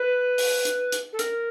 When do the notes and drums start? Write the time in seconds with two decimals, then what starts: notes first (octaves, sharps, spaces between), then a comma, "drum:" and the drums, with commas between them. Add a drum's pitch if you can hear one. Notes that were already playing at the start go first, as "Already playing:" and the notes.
Already playing: B4
0.38 drum: open hi-hat
0.65 drum: hi-hat
0.92 drum: hi-hat
1.13 A4
1.19 A#4, drum: hi-hat